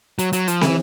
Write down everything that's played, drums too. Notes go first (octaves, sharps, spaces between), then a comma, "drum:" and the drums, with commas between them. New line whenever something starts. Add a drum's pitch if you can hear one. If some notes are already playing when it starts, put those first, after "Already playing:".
F#3, drum: hi-hat
F#3, drum: hi-hat
F3, drum: hi-hat
E3, drum: snare